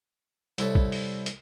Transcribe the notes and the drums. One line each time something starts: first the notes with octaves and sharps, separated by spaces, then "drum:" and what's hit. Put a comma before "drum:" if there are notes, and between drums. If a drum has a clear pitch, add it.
C2 E4 A4 C#5, drum: hi-hat
drum: kick
drum: open hi-hat
drum: hi-hat